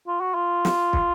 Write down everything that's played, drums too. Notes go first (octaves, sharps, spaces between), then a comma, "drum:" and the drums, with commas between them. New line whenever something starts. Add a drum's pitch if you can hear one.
F4
F#4
F4
drum: snare
drum: kick